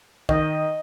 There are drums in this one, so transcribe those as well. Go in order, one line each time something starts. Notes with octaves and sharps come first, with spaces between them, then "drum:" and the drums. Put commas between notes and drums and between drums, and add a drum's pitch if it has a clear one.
D#3 D#5, drum: kick B1